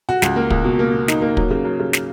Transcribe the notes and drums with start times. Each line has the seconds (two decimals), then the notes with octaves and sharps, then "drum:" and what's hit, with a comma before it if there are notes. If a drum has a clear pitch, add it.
0.09 F#4
0.22 C#2, drum: snare
0.36 A#3
0.50 C#2, drum: kick
0.65 B2
0.79 A#3
0.94 B2
1.08 D#4, drum: snare
1.22 A#3
1.37 F#3, drum: kick
1.50 C#3
1.65 F#3
1.79 C#3
1.93 drum: snare